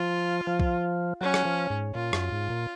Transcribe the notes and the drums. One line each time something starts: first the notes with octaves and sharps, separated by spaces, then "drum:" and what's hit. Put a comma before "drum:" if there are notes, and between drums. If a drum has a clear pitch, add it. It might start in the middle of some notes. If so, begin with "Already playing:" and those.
Already playing: F3 F4
F3
drum: kick B1
F#3 C#4
drum: rim click
F3
G#2
A#2 F4
F#2, drum: rim click
G#2
A#2